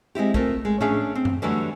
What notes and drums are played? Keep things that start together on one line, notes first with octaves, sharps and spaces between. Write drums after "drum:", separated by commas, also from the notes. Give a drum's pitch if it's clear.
G#3 C4 E4 G4
A3 C4 F4 A#4, drum: kick
G#3
A3 C#4 D4 G#4 E5 F5, drum: tom A2
C4
drum: tom F#2
D3 E3 F#3 G3 A3